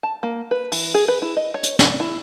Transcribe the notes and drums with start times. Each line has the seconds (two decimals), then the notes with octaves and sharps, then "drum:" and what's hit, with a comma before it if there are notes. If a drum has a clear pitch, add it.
0.03 A5
0.23 A#3
0.51 B4
0.72 E3, drum: open hi-hat
0.94 G#4
1.08 B4
1.22 E4
1.37 D#5
1.54 C#5
1.64 drum: hi-hat
1.79 D4, drum: snare
2.00 E4